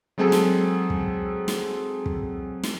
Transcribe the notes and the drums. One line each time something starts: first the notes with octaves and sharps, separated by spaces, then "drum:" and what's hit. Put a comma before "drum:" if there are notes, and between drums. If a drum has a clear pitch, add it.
F#3 G#3 C4 G#4 A4
drum: snare
drum: kick
drum: snare
drum: kick
drum: snare